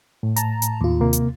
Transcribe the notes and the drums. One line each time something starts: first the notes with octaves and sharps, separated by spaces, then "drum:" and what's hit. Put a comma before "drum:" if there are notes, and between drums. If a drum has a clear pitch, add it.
A2
A5 A#5, drum: hi-hat
drum: hi-hat
D#2 F4
C3 A#3
drum: hi-hat